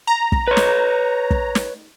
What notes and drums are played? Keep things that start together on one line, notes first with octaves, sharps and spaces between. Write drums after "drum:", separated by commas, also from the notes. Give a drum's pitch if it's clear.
A#5
drum: kick
B4 C#5
drum: snare
drum: kick
drum: snare